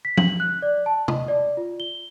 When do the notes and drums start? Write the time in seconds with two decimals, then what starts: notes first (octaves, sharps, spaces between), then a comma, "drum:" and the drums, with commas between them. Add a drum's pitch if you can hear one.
0.05 B6
0.17 F#7, drum: tom
0.40 F#6
0.62 D5
0.86 A5
1.08 D#5, drum: tom
1.28 D5
1.57 F4
1.80 G7